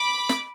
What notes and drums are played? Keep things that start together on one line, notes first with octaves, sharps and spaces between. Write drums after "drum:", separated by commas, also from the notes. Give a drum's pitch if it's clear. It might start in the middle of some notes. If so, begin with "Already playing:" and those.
Already playing: B5 D6
drum: snare